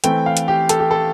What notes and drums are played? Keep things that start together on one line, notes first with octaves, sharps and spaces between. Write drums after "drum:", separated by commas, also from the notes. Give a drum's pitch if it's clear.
E3 A3 C4 G5, drum: hi-hat
F5
drum: hi-hat
G4
A4, drum: hi-hat
G4
A4